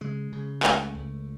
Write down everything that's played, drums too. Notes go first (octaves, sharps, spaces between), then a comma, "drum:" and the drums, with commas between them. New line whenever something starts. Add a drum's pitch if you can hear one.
C#3 G#3
C#3
C#2 A3, drum: clap
C#2